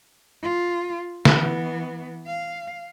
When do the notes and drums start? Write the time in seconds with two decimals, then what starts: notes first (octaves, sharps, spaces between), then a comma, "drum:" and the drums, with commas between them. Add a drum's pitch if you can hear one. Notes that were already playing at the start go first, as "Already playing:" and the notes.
0.42 F4
1.25 E3 B3, drum: snare
2.27 F5